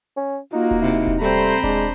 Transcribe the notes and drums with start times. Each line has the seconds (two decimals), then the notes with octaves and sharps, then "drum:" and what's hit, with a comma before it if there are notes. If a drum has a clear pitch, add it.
0.17 C#4
0.53 A#3 D#4 F4 F#4
0.71 drum: kick D#1
0.82 C3 D#4 E4
1.07 drum: kick D#1
1.21 G3 A3 C4 C5 A#5 B5
1.63 G#3 D4, drum: kick D#1